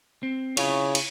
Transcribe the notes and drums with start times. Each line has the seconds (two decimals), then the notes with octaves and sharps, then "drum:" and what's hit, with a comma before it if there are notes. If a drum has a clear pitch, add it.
0.23 C4
0.57 C#3 E4 F4 C#5, drum: cymbal
0.95 drum: cymbal